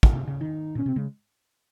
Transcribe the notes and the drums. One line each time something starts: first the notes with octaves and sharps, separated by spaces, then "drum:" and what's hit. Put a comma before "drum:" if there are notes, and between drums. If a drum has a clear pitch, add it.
drum: kick
C3
C#3
D#3 D#4
A#2 C#4
C3 C4
C#3 G#3